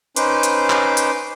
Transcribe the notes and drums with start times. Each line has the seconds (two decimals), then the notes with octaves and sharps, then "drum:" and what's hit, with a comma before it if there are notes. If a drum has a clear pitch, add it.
0.16 C#4 D#4 B4 C5 C6 D6, drum: hi-hat
0.43 drum: hi-hat
0.70 drum: clap
0.97 drum: hi-hat